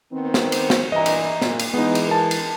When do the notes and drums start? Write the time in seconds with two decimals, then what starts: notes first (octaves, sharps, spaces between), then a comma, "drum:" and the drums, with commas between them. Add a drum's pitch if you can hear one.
0.13 D#3 B3 C4
0.34 drum: snare
0.52 drum: cymbal
0.70 drum: snare
0.92 G2 A#2 E3 D#5 A#5
1.06 drum: cymbal
1.42 A#2, drum: snare
1.59 drum: cymbal
1.74 E3 G#3 B3 D#4
1.95 drum: cymbal
2.08 A#4 A5
2.31 drum: cymbal